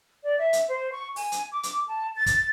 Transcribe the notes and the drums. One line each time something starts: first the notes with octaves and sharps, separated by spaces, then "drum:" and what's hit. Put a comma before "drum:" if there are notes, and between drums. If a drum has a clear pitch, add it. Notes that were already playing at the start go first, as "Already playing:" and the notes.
D5
E5
drum: hi-hat
C5
C#6
G#5, drum: open hi-hat
drum: hi-hat
D6
drum: hi-hat
A5
A6
drum: kick, hi-hat